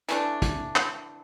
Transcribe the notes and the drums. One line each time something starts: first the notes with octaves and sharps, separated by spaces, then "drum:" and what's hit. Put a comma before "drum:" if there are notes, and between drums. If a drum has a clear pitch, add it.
E3 A3 D4, drum: hi-hat
drum: kick, hi-hat
drum: clap